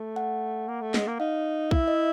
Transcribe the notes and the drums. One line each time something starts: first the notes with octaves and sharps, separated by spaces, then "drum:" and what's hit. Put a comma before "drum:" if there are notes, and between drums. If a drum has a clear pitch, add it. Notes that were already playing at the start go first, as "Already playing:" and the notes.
Already playing: A3
F#5
A#3
A3
G#3, drum: snare
A#3
D#4 F5
E4 E5, drum: kick B1
D#5